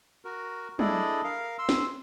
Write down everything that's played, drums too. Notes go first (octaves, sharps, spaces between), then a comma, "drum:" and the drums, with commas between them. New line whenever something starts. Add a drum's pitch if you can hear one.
F#4 A#4
D4 E4 G#4 A4 D5 D#5, drum: tom
A#4 F5
C6 E6
drum: snare